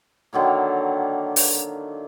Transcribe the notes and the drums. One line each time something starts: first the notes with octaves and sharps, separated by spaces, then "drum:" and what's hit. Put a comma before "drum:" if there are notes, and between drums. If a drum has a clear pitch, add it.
D3 D#3 F#3 A#3
drum: open hi-hat